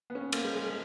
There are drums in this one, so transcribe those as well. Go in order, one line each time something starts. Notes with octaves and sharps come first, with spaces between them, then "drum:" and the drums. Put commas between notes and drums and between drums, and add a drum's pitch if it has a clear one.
B3
C#4
B3
A#3, drum: cymbal
G#3
G#3
G#3